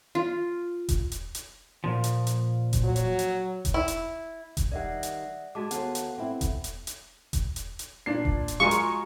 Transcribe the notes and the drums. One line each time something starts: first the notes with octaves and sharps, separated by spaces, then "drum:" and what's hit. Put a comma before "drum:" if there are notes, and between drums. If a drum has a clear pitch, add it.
F4
drum: kick E1, hi-hat
drum: hi-hat
drum: hi-hat
A#2 F3
drum: hi-hat
drum: hi-hat
drum: kick E1, hi-hat
F#3
drum: hi-hat
drum: hi-hat
drum: kick E1, hi-hat
E4
drum: hi-hat
drum: kick E1, hi-hat
D#3 G3 D5 E5 F#5
drum: hi-hat
G#3 F#4 G#4 A5 D6
D#2 B3 A4 F#5, drum: hi-hat
drum: hi-hat
C4 E4
drum: kick E1, hi-hat
drum: hi-hat
drum: hi-hat
drum: kick E1, hi-hat
drum: hi-hat
drum: hi-hat
A#2 D4 C7
drum: kick E1
drum: hi-hat
G#3 F4 F#4 A#4 G#5 C#6
drum: hi-hat